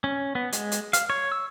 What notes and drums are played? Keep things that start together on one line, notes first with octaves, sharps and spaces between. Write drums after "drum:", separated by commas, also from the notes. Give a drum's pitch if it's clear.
C#4
B3
G#3, drum: hi-hat
drum: hi-hat
F5, drum: hi-hat
C#5
E6